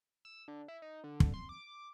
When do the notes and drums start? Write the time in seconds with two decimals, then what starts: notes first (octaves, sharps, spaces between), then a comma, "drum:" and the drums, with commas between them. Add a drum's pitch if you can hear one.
0.25 E6
0.48 D3
0.68 E4
0.82 D#4
1.04 D3
1.20 drum: kick
1.34 C6
1.49 D6